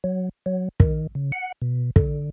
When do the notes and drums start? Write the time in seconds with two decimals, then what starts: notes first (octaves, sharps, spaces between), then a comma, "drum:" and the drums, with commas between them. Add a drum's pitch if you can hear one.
0.04 F#3
0.46 F#3
0.80 D#3, drum: kick
1.15 C#3
1.32 F#5
1.62 B2
1.96 D3, drum: kick